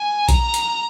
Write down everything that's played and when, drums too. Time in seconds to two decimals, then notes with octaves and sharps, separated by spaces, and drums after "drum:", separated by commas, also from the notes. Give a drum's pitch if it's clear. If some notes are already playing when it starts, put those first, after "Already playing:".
Already playing: G#5
0.29 A#5, drum: kick A#1, hi-hat
0.54 drum: hi-hat